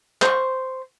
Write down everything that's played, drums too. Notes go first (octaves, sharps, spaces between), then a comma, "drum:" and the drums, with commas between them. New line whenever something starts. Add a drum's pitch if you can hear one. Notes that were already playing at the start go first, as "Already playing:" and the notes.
C5 C#6, drum: clap